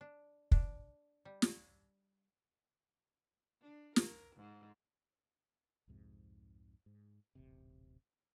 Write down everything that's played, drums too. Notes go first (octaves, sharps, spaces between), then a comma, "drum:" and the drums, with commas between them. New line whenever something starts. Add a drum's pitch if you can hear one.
D4
D4, drum: kick
G3
drum: snare
D4
A#4, drum: snare
G#2
C2 F2 G#2 C3
G#2
D#1 A1 C3